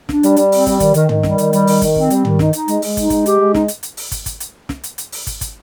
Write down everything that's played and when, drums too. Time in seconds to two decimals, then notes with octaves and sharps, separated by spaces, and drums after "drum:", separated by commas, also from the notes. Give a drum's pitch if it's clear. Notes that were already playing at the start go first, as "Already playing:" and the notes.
0.09 D4, drum: snare
0.23 G3, drum: hi-hat
0.36 G3, drum: hi-hat
0.52 C4, drum: open hi-hat
0.66 G3, drum: kick, hi-hat
0.80 D#3, drum: kick, hi-hat
0.94 D#3, drum: hi-hat
1.09 D#3, drum: tom
1.23 G3, drum: snare
1.38 D#3, drum: hi-hat
1.53 G3, drum: hi-hat
1.67 D#3, drum: open hi-hat
1.82 D#3, drum: kick, hi-hat
1.96 C4, drum: kick
2.10 G3, drum: hi-hat
2.25 D#3, drum: tom
2.39 D#4, drum: snare
2.53 D#4, drum: hi-hat
2.68 G#3, drum: hi-hat
2.82 G#3, drum: open hi-hat
2.97 D#4, drum: kick, hi-hat
3.10 G#3, drum: kick, hi-hat
3.26 G4, drum: hi-hat
3.39 G#3
3.54 D#4, drum: snare
3.68 drum: hi-hat
3.83 drum: hi-hat
3.97 drum: open hi-hat
4.11 drum: kick, hi-hat
4.26 drum: kick, hi-hat
4.40 drum: hi-hat
4.69 drum: snare
4.84 drum: hi-hat
4.98 drum: hi-hat
5.12 drum: open hi-hat
5.27 drum: kick, hi-hat
5.41 drum: kick, hi-hat